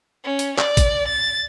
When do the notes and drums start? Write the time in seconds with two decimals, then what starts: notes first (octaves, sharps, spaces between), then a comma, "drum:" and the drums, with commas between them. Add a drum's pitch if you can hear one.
0.24 C#4
0.39 drum: hi-hat
0.58 D5, drum: clap
0.77 drum: kick A1, hi-hat
1.08 A6